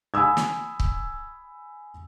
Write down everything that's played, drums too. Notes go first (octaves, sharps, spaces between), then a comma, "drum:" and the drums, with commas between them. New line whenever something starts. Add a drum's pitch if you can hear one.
G#5 B5 D#6 E6 G#6
drum: snare
drum: kick